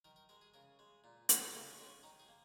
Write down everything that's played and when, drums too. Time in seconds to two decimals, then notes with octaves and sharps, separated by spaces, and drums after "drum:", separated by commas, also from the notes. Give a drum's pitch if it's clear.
0.05 D#3 A#4
0.16 A#4
0.29 G#3 A#4
0.41 G#4
0.54 C#3 A#4
0.79 G#3
1.04 A#2
1.29 G#3, drum: hi-hat
1.54 C#3 D#4
1.70 C#4
1.79 G#3
1.86 C#4
2.03 D#3 D#4
2.19 G#4
2.28 A#3